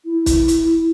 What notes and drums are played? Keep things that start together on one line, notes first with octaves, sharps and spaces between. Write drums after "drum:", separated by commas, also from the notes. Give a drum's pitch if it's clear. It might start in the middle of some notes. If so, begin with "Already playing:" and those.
E4
drum: kick, hi-hat
drum: hi-hat